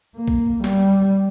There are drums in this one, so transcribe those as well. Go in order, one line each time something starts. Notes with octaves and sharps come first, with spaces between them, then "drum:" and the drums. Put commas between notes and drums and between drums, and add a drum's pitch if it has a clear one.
A#3
drum: kick A#1
G3, drum: snare